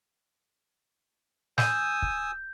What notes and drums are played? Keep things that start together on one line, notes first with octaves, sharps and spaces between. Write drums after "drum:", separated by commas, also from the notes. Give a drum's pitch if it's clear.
G#5 D#6 E6 G6, drum: snare
drum: kick